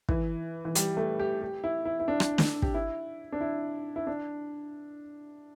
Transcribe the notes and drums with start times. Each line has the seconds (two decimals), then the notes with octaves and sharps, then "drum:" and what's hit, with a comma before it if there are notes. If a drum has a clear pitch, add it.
0.09 E3, drum: kick
0.65 E3
0.75 G3, drum: hi-hat
0.97 A3
1.19 G4
1.42 G4
1.64 E4
1.85 E4
2.00 E4
2.08 D4
2.20 drum: rim click
2.38 drum: snare
2.62 G4, drum: kick
2.74 E4
3.32 D4
3.40 E4
3.96 E4
4.07 D4